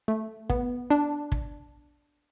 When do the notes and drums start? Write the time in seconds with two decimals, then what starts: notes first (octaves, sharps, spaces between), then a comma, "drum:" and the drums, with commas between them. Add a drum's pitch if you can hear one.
0.08 A3
0.50 B3, drum: kick
0.90 D4
1.32 drum: kick